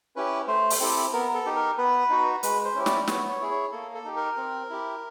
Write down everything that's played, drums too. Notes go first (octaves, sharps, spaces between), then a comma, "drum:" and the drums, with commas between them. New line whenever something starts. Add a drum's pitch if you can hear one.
C#4 E4 G4 B4
A3 C5
drum: open hi-hat
C4 E4 G4 A4
B3 A#4
A4
D#4 G4
A#4
B3 B4
D#4 F#4
G#3 B4, drum: hi-hat
C5
C#4 E4 G4
D5, drum: snare
B3 C#5, drum: snare
C#5
E4 G#4
C#5
A#3 A4
A4
D#4 G4
A#4
C4
E4 G4